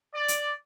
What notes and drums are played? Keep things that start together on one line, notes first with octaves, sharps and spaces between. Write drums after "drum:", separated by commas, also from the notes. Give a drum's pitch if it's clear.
D5
drum: hi-hat